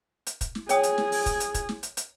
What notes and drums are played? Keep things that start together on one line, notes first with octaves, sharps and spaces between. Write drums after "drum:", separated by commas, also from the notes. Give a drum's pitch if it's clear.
drum: hi-hat
drum: kick, hi-hat
drum: snare
G#4 C#5 G5 D#6, drum: hi-hat
drum: hi-hat
drum: snare
drum: open hi-hat
drum: kick, hi-hat
drum: hi-hat
drum: kick, hi-hat
drum: snare
drum: hi-hat
drum: hi-hat